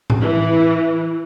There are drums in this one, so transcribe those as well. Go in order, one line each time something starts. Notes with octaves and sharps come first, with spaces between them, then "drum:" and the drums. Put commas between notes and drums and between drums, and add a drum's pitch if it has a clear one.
drum: tom A2
E3